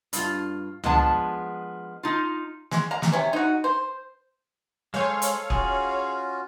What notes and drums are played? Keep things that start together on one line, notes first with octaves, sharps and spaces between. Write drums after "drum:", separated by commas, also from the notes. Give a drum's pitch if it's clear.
G2 F4, drum: hi-hat
F3 G#3 B3 D4 A5, drum: tom
D#4 F4
G#3, drum: snare
F5 A#5
drum: snare
C3 C#4
D#4 F#4
C5
G#3 A4 C5 C#5 F5 G#5
drum: hi-hat
C#4 F4 F#4 G#4, drum: kick E1